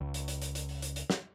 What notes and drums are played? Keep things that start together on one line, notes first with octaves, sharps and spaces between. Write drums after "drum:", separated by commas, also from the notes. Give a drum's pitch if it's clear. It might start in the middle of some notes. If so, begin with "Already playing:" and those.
C#2
drum: hi-hat
drum: hi-hat
drum: hi-hat
drum: hi-hat
drum: open hi-hat
drum: hi-hat
drum: hi-hat
drum: snare